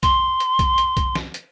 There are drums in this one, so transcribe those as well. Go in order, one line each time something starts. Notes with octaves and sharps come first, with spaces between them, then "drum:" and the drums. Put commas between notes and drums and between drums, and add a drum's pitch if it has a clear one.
C6, drum: kick B1, hi-hat
drum: hi-hat
drum: kick B1, hi-hat
drum: hi-hat
drum: kick B1, hi-hat
drum: snare
drum: hi-hat